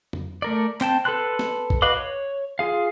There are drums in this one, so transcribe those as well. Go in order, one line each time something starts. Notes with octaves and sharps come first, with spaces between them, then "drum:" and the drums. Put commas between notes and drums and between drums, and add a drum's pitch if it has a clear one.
drum: tom
A3 A#4 D5
C4 G5 A5, drum: clap
A4 B4 A5 C6 F#6
drum: snare
drum: kick
F#4 B4 D#5 F5 D6
C#5
F4 G#4 F5